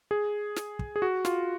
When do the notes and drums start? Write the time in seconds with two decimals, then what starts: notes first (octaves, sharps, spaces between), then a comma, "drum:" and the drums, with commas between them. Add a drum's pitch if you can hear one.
0.11 G#4
0.56 drum: snare
0.79 drum: kick
0.96 G#4
1.02 F#4
1.25 F4, drum: snare